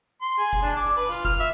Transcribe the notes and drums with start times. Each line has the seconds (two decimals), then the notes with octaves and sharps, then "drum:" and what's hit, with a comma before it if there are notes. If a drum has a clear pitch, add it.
0.22 C6
0.38 G#4
0.53 drum: kick F#1
0.62 D4
0.77 D6
0.96 B4
1.10 F4
1.25 F6, drum: kick F#1
1.40 E5